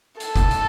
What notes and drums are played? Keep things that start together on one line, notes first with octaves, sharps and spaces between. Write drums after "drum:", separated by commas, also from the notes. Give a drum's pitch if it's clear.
A4, drum: hi-hat
drum: kick, hi-hat
drum: hi-hat